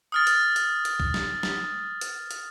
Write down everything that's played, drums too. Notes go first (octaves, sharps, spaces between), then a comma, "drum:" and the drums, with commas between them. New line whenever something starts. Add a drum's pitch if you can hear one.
D#6 F6 A6
drum: hi-hat
drum: hi-hat
drum: hi-hat
drum: kick
drum: snare
drum: snare
drum: hi-hat
drum: hi-hat